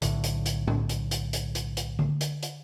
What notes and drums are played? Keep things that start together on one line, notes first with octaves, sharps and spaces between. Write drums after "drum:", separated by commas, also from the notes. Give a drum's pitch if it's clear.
B1 A2 D3, drum: hi-hat
drum: hi-hat
drum: hi-hat
drum: tom A2
drum: hi-hat
drum: hi-hat
drum: hi-hat
drum: hi-hat
drum: hi-hat
drum: tom D3
drum: hi-hat
drum: hi-hat